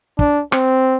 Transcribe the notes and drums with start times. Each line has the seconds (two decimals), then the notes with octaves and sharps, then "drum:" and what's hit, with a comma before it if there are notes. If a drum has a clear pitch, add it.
0.19 D4, drum: kick
0.52 C4, drum: rim click